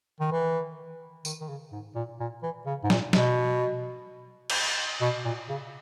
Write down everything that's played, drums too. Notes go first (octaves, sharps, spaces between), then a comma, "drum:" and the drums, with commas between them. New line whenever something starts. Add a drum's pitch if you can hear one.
D#3
E3
D#3, drum: tambourine
D#3
C#3
G#2
A#2
A#2
E3
C#3
G#2
A#2, drum: snare
B2, drum: snare
drum: cymbal
B2
A#2
C#3